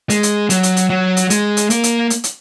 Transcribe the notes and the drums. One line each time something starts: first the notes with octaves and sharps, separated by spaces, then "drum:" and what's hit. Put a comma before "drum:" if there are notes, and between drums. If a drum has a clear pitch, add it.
G#3, drum: hi-hat
drum: hi-hat
F#3, drum: hi-hat
drum: hi-hat
drum: hi-hat
F#3
drum: hi-hat
G#3, drum: hi-hat
drum: hi-hat
A#3, drum: hi-hat
drum: hi-hat
drum: hi-hat
drum: hi-hat